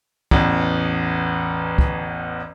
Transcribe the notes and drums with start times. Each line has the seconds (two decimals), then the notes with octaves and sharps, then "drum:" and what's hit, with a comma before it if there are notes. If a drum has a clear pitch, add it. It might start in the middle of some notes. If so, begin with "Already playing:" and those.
0.31 A1 E2, drum: kick
1.79 drum: kick